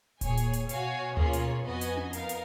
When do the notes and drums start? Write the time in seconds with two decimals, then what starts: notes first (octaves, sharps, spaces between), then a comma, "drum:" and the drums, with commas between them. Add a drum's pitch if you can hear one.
0.21 A#2 G#4 C#5 G#5, drum: kick D#1, hi-hat
0.37 drum: hi-hat
0.53 drum: hi-hat
0.69 B2 F#4 C#5 F5 G#5, drum: hi-hat
1.17 B2 A#3 C#4 F4 G#4 C#5, drum: tom D2
1.33 drum: hi-hat
1.65 F2 B3 F#4 B4 D#5 G#5
1.81 drum: hi-hat
1.97 drum: tom C#4
2.13 B3 D#4 A#4 F5, drum: hi-hat
2.29 drum: hi-hat